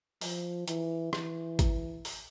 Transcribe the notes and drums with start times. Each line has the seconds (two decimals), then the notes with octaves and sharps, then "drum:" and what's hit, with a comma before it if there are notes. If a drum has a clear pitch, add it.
0.21 F3, drum: open hi-hat
0.68 E3, drum: hi-hat
1.13 E3, drum: rim click
1.59 drum: kick G#1, hi-hat
2.05 drum: open hi-hat